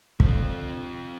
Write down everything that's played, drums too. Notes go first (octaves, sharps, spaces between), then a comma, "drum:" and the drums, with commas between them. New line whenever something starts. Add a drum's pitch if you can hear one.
F2 D3 F3 C4, drum: kick
C3